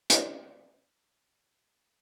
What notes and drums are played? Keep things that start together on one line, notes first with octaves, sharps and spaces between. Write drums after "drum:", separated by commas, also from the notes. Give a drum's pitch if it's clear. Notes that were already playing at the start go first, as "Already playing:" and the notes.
D4 E4 G4 B4 C#5 D#5, drum: hi-hat